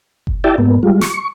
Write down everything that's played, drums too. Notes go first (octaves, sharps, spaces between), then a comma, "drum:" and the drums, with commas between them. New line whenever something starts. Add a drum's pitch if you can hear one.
drum: kick F#1
E4 G4 D5 E5 G5 A5
G#2 A#3 B3
G3 G#3 F4
C#6, drum: snare